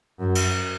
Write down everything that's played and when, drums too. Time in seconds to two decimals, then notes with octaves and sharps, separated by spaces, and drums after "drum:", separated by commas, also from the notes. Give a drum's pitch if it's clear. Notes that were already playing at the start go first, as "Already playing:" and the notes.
0.19 F#2
0.35 drum: cymbal